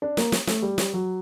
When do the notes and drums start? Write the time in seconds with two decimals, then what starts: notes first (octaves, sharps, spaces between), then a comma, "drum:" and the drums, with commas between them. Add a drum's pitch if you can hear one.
0.02 D4
0.17 A#3, drum: snare
0.32 drum: snare
0.47 A3, drum: snare
0.62 G3
0.78 drum: snare
0.93 F#3